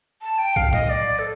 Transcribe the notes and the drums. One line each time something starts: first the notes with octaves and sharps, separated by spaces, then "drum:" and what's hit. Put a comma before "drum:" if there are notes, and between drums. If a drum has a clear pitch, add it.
A5
G5
F5, drum: kick A#1
D#5, drum: tom A2
D5
A4